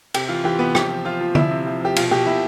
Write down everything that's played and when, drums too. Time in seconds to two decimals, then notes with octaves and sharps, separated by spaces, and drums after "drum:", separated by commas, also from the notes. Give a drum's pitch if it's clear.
0.14 C3 G4, drum: cymbal
0.29 E3 F4
0.44 E3 G4
0.59 C3 B3
0.75 F3 G4, drum: rim click
0.89 F3
1.05 F3 F4
1.21 F3
1.35 F3 E4, drum: tom D3
1.51 C3
1.66 F3
1.81 F3 G4
1.96 B2 F4, drum: cymbal
2.11 B2 G4
2.26 B2 E4